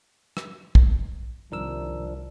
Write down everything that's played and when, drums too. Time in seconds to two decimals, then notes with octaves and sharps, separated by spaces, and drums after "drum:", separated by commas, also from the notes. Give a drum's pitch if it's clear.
0.37 drum: rim click
0.75 drum: kick
1.52 C2 D#3 F3 D4 A#4 E6